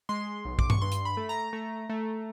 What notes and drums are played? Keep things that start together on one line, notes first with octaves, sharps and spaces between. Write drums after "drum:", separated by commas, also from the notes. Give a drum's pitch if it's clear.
G#3 C6
B1
D6, drum: kick A#1
C#6, drum: tom G2
G2 C6
drum: hi-hat
B5
A3
A#5
A3
A3